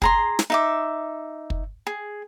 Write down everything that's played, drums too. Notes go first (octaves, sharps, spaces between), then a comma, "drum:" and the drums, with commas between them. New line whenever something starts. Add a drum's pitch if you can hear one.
G#4 A#5 C6, drum: kick
drum: snare
D#4 E5 D6
drum: kick
G#4